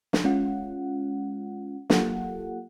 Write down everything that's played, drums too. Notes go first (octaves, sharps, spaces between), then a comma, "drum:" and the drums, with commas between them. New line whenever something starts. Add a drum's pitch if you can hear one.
drum: snare
G#3 C#4 F4 F#5
F#3 A#3 F4 G4 A4 F#5, drum: snare